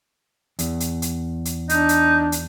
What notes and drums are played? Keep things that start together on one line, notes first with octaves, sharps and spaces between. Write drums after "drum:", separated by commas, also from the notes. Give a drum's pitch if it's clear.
E2, drum: hi-hat
drum: hi-hat
drum: hi-hat
drum: hi-hat
D4 D#4, drum: hi-hat
drum: hi-hat
drum: hi-hat